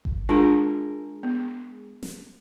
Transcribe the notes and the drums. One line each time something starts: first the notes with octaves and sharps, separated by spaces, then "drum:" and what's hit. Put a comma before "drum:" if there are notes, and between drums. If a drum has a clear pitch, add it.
drum: kick G1
G#3 D4 F4 A#4
B3
drum: snare